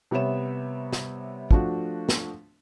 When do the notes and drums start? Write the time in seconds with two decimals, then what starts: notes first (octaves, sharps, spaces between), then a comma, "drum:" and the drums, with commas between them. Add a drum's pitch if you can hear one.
0.11 C3 G3 B3 C#5 E5 E7
0.93 drum: snare
1.51 F3 A3 D4 F#4, drum: kick
2.09 drum: snare